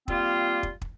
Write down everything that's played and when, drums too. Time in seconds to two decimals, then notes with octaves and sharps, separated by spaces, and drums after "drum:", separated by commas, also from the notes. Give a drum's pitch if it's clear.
0.08 G3 A#3 C4 F4, drum: kick
0.63 drum: kick
0.82 drum: kick